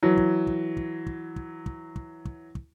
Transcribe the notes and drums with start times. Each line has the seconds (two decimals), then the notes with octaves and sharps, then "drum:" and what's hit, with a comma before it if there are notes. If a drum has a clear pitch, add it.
0.03 E3 F#3
0.17 drum: kick
0.47 drum: kick
0.77 drum: kick
1.07 drum: kick
1.36 drum: kick
1.66 drum: kick
1.96 drum: kick
2.25 drum: kick
2.55 drum: kick